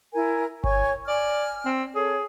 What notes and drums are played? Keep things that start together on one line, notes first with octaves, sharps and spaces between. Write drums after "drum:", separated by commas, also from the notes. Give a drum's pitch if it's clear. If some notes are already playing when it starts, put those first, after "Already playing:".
E4 A#4 G#5
C#5 G#5 C#6, drum: kick G1
D5 G#5 F6
C4
G#4 A4 C#5